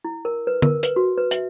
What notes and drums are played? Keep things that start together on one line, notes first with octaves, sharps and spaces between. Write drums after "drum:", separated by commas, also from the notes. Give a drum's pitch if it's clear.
E4
A#4
B4
A#4, drum: tom D3
B4, drum: hi-hat
F#4
B4
E5, drum: hi-hat